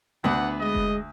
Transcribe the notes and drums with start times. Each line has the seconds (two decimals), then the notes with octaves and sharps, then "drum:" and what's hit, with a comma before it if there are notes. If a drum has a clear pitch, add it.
0.24 D2 B3 D4 B4 F#5
0.60 G#3 D#5
0.75 drum: kick F1